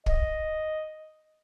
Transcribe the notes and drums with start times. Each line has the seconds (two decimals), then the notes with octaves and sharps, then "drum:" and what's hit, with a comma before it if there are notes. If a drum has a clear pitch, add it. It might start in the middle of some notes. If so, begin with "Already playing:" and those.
0.06 D#5, drum: kick